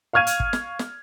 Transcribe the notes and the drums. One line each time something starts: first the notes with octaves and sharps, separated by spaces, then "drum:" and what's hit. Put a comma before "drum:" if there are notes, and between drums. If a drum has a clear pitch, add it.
F5 C#6 F6 G#6 D#7
drum: hi-hat
drum: kick
drum: snare
drum: snare